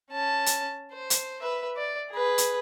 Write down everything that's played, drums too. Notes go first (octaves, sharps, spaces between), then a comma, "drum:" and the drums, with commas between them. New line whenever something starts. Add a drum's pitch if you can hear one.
C#4 A5
drum: hi-hat
C5
drum: hi-hat
B4 E5
D5
G#4 B4
drum: hi-hat